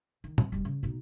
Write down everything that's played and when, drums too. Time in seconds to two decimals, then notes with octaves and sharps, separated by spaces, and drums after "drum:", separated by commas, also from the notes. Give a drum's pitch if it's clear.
0.24 D#3
0.38 C4, drum: tom
0.52 E1 G3
0.65 C#3
0.83 B2 D#4